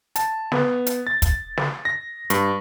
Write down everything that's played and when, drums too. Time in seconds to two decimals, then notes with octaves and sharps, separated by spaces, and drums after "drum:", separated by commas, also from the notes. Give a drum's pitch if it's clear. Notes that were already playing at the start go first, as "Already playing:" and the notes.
0.16 A5, drum: hi-hat
0.52 B3, drum: snare
0.87 drum: hi-hat
1.07 A6
1.22 drum: kick, hi-hat
1.57 drum: snare
1.85 A#6
2.30 G2, drum: hi-hat